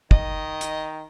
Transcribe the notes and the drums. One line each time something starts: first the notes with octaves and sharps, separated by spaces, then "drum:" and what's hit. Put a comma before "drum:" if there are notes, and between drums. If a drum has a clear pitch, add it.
D#3 D#5, drum: kick
drum: hi-hat